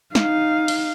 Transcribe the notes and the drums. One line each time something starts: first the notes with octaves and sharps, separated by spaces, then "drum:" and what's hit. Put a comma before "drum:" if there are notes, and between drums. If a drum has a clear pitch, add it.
D#4 F5, drum: snare
drum: cymbal